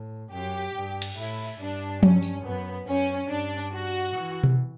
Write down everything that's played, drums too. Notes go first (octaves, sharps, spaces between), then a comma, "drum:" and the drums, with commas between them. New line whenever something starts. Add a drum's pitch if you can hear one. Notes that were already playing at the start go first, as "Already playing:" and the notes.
Already playing: A2
F#2 G4
G2
drum: cymbal
A2 E4
G2 D4
C#4, drum: tom F3
drum: tambourine
F#2 B3
F#2 C#4
G2 D4
F#4
E3
drum: tom B2